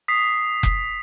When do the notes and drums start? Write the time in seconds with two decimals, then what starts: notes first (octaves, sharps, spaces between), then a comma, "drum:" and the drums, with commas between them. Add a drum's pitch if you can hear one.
0.08 D#6 B6 C7
0.63 drum: kick F1